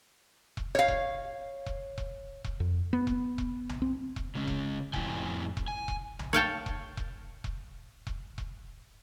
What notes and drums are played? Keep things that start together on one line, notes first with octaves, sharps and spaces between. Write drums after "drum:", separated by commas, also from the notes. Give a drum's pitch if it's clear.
drum: kick E1
C#5 F5
drum: kick E1
drum: kick E1
drum: kick E1
drum: kick E1
F2
B3
drum: kick E1
drum: kick E1
drum: tom B1
C4
drum: kick E1
C#3 G#3 C#4
drum: kick E1
F2 A2 C3 E4 G5 G#5, drum: kick E1
drum: kick E1
G#5
drum: kick E1
drum: tom B1
C#5 F5 G5 A5
drum: kick E1
drum: kick E1
drum: kick E1
drum: kick E1
drum: kick E1